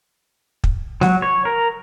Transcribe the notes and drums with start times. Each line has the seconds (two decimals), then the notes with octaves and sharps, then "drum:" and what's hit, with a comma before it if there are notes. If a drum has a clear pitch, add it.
0.64 drum: kick
1.01 F#3, drum: snare G#3
1.22 C#5
1.45 A#4